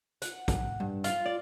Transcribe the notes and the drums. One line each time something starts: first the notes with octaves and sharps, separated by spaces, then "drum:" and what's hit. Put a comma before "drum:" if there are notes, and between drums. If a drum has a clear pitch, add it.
F#5, drum: hi-hat
drum: kick, hi-hat
G2
F4, drum: hi-hat
D5